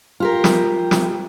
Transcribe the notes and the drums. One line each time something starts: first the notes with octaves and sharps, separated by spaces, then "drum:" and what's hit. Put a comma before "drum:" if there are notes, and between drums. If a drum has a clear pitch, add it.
F4 G4 A#4
drum: snare
drum: snare